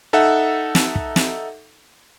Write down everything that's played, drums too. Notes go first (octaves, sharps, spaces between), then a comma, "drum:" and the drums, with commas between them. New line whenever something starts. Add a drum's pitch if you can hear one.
D#4 A4 E5 F#5
drum: snare
drum: kick
drum: snare